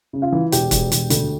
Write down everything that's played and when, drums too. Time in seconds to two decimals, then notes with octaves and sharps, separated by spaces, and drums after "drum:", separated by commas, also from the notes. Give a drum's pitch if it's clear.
0.13 C#3
0.22 F4 F5
0.32 E3
0.52 E1 G4 G5, drum: hi-hat
0.71 E1, drum: kick, hi-hat
0.92 E1, drum: hi-hat
1.10 D2, drum: hi-hat